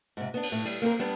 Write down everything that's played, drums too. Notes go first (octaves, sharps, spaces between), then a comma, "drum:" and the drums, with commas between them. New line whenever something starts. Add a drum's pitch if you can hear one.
G#2 C3
B3 D4
drum: cymbal
A2
G3, drum: cymbal
A#3 C4 A4 A#4
G3 B3 D4